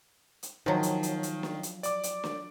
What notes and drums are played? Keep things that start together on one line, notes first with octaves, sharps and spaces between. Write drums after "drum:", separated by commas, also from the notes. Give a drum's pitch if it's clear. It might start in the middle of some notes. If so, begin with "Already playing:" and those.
drum: hi-hat
D#3 F3 F#3
drum: hi-hat
drum: hi-hat
drum: hi-hat
drum: snare
drum: hi-hat
D5 D6, drum: hi-hat
drum: hi-hat
drum: snare